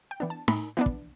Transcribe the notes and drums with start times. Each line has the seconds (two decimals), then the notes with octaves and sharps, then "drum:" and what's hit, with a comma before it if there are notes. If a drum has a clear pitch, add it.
0.11 G5
0.20 E3 B3 D4
0.30 A5
0.48 A2 B5, drum: snare D#4
0.77 E3 B3 D4
0.86 drum: kick